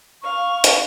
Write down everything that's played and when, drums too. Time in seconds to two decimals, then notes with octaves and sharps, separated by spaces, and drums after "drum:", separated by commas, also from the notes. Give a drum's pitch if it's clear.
0.22 F5 C#6
0.64 drum: hi-hat